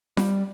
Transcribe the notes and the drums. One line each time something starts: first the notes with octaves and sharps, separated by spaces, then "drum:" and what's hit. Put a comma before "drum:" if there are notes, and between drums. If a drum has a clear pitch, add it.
G3, drum: snare F4